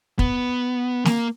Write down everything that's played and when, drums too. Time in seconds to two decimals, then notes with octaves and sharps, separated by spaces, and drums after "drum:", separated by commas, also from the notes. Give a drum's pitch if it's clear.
0.19 B3, drum: kick
1.05 A#3, drum: snare